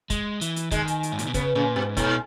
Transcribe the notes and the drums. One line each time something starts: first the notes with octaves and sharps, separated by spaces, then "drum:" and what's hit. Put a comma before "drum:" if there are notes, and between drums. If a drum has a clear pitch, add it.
G#3, drum: kick, hi-hat
E3, drum: hi-hat
drum: hi-hat
D#3 G#3, drum: kick, hi-hat
drum: hi-hat
drum: hi-hat
G#2
A#2, drum: hi-hat
B2
C#3 B3, drum: kick, hi-hat
A#2 C#3
G#2 B2
G#2 B2, drum: kick, hi-hat